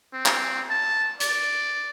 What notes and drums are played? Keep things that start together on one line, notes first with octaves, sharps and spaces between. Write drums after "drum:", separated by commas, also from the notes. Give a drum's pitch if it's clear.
C4
drum: clap
A5
D5, drum: hi-hat